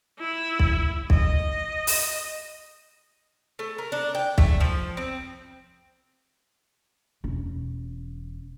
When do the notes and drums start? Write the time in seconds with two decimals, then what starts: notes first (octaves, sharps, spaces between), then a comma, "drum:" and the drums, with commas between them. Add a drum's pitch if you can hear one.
0.19 E4
0.59 drum: kick
1.10 D#5, drum: kick
1.87 drum: open hi-hat
3.59 A3
3.78 A#4
3.92 D4
4.15 G5
4.38 A3, drum: kick
4.60 F3
4.97 C4
7.24 E1 C#4